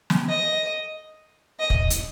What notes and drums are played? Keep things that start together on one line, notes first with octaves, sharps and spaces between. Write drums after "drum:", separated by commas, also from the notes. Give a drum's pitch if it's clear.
drum: snare
D#5
D#5
drum: kick
drum: hi-hat